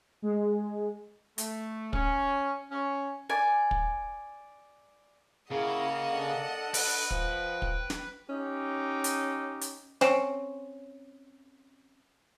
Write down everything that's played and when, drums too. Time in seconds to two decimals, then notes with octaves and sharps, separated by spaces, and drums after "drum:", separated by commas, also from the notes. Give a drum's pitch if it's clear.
0.22 G#3
1.38 A3, drum: hi-hat
1.93 C#4, drum: kick
2.71 C#4
3.29 D5 G#5
3.71 drum: kick
5.51 C#3 A#3 E4 G#4 D#5 F#5
6.09 D4 A4 D5
6.74 B4, drum: open hi-hat
7.11 F3 G5, drum: kick
7.62 drum: kick
7.90 drum: snare
8.29 C#4 D#4 G4
9.04 drum: hi-hat
9.61 drum: hi-hat
10.01 C4 C#4, drum: snare